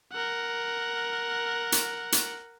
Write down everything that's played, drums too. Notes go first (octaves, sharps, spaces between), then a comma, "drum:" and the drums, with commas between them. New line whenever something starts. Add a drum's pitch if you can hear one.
A#4 F#5
drum: hi-hat
drum: hi-hat